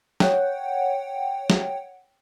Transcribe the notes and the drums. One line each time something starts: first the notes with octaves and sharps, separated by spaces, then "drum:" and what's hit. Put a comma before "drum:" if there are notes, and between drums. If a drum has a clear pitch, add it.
C#5 F#5 G5, drum: snare
drum: snare